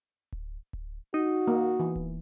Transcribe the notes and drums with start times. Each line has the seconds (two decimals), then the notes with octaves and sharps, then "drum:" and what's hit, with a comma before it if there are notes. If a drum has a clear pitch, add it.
0.32 drum: kick D1
0.73 drum: kick D1
1.14 D#4 F#4
1.47 A#3
1.80 E3
1.96 drum: kick D1